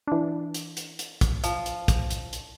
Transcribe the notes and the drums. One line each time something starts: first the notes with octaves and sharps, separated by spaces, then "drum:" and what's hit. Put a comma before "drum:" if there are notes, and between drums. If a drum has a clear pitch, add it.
E3 D4
drum: hi-hat
drum: hi-hat
drum: hi-hat
drum: kick, hi-hat
F3, drum: hi-hat
drum: hi-hat
drum: kick, hi-hat
drum: hi-hat
drum: hi-hat